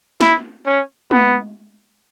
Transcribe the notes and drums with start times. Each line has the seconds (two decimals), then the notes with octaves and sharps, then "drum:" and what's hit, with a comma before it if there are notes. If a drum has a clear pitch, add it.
0.21 E4, drum: snare
0.66 C#4
1.11 B3, drum: tom